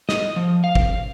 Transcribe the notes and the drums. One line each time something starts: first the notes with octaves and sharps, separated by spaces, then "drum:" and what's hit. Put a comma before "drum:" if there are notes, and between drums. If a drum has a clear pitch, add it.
D#5, drum: snare
F3
F5
drum: kick